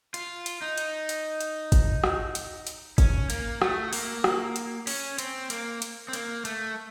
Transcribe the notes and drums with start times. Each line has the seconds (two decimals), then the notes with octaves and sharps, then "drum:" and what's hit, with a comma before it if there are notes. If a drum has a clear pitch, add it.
0.14 F4, drum: hi-hat
0.46 drum: hi-hat
0.62 D#4
0.78 drum: hi-hat
1.09 drum: hi-hat
1.41 drum: hi-hat
1.72 drum: kick, hi-hat
2.04 drum: rim click
2.35 drum: hi-hat
2.67 drum: hi-hat
2.98 C#4, drum: kick, hi-hat
3.30 A#3, drum: hi-hat
3.62 A3, drum: rim click
3.93 A#3, drum: open hi-hat
4.24 drum: rim click
4.56 drum: hi-hat
4.87 C#4, drum: open hi-hat
5.18 C4, drum: hi-hat
5.50 A#3, drum: hi-hat
5.82 drum: hi-hat
6.08 C4
6.13 A#3, drum: hi-hat
6.45 A3, drum: hi-hat